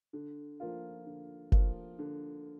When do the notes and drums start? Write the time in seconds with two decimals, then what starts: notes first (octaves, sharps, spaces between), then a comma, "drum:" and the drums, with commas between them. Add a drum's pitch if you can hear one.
0.13 D3
0.60 F3 A#3 F4
1.06 D3
1.52 F3 A#3 F4, drum: kick F#1
1.99 D3